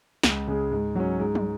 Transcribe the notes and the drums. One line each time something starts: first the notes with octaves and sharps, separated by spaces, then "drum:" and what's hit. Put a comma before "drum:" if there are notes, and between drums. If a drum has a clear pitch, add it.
C#2, drum: snare
C#3 G#3
G#2
F#3 C#4
G#2
drum: tom